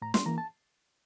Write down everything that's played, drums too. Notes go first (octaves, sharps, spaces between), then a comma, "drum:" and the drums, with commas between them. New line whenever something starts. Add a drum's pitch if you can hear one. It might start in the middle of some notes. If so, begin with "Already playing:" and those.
A2 A#5
C6, drum: snare
E3 A#3 A#5
A5